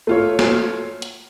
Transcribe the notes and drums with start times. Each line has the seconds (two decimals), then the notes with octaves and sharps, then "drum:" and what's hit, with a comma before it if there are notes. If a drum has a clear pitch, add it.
0.07 A3 F4 C#5
0.39 drum: snare
1.02 drum: hi-hat